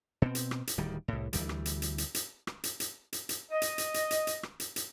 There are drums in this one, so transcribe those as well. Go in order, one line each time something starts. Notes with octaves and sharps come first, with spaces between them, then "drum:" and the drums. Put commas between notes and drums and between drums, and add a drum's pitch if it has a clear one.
B2 C4
drum: hi-hat
drum: rim click
drum: hi-hat
D1 D#3 G3
C2 A2
D2 E3 G3, drum: hi-hat
drum: rim click
drum: hi-hat
drum: hi-hat
drum: hi-hat
drum: hi-hat
drum: rim click
drum: hi-hat
drum: hi-hat
drum: hi-hat
drum: hi-hat
D#5
drum: hi-hat
drum: hi-hat
drum: hi-hat
drum: hi-hat
drum: hi-hat
drum: rim click
drum: hi-hat
drum: hi-hat